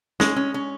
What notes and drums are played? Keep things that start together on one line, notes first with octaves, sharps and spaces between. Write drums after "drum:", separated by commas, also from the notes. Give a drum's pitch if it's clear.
G#3 C#4, drum: snare
C#4
C#4